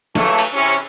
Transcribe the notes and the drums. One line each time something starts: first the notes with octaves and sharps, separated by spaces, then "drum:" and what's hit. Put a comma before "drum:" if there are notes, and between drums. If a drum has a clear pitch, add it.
C#3 E3 F#3 A3, drum: snare
drum: cymbal
C3 E3 C#4